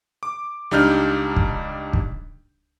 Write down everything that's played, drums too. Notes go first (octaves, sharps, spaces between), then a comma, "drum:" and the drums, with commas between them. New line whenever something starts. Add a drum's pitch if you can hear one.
D6
C#2 G3 D4 D#4 F6 G6
drum: kick
drum: kick